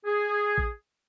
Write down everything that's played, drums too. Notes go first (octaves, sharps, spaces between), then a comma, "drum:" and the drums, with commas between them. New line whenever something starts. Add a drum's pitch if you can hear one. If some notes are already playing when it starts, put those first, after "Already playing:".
G#4
drum: kick A1